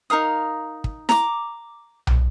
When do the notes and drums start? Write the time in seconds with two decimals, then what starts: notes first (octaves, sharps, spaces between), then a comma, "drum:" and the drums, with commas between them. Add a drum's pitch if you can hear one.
0.10 D#4 A#4 F5 D#6
0.84 drum: kick
1.09 A#5 D6, drum: snare E4
2.07 drum: tom B1